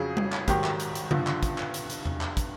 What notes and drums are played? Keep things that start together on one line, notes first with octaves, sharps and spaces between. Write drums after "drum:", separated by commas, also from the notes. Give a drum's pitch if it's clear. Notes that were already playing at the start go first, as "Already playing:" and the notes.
Already playing: F2 C#3 F#3 G#4
drum: tom G3
drum: clap
G#2 D#3 F#3 G4, drum: kick, hi-hat
drum: clap
drum: hi-hat
drum: hi-hat
G2 D3 F3, drum: tom C#3
drum: clap
drum: kick, hi-hat
drum: clap
drum: hi-hat
drum: hi-hat
drum: tom E2
drum: clap
drum: kick, hi-hat